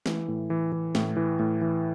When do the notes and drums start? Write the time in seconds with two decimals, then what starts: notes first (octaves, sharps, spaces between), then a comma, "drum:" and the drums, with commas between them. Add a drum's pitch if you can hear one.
0.06 E3, drum: snare
0.28 A2
0.50 E3
0.72 E3
0.95 A2, drum: snare
1.17 E3
1.39 A2
1.61 E3